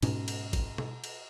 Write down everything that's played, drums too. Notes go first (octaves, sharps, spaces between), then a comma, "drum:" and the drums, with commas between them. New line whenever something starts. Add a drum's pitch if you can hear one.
G#2 B2 C#4, drum: cymbal
drum: cymbal
drum: kick, cymbal
drum: tom B2
drum: cymbal